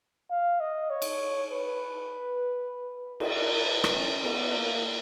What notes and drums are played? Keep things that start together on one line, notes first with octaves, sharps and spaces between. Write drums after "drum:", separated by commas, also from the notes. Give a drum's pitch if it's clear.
F5
D#5
C#5
drum: cymbal
B4
drum: cymbal
A#4
B4
drum: rim click
C#4
B3, drum: cymbal
A#3